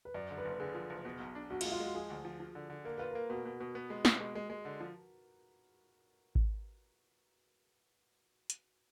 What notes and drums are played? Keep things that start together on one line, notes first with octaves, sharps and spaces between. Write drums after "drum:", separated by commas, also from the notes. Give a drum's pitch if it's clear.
B4
F#2 D5
D3
B4
F#1
D3 G#4
F3
F#1
B2
B1
D4
B1 F#4
F4, drum: cymbal
G#3
F4
G#3 F#4
F3 G#4
D2
F3
F3
D3
D3
A#3 A#4
F4 B4
A#3 A#4
B2 F#4
B2
B2
B3
G#3
B2, drum: snare
G#3
G#3
G#3
D3
F3
drum: kick G#1
drum: hi-hat